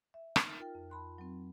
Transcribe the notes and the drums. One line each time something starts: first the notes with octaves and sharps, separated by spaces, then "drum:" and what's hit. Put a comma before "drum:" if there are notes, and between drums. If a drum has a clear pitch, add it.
E5
drum: rim click
D#4 A#4 F6 A6
F4 A#4 G5
F2
A5 B5 C6 F#6
F#3 C4